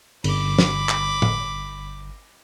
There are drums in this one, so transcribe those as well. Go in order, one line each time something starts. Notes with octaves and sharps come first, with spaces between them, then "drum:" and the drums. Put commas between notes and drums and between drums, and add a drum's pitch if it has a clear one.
G1 B5 D6, drum: cymbal
drum: snare
drum: clap
drum: tom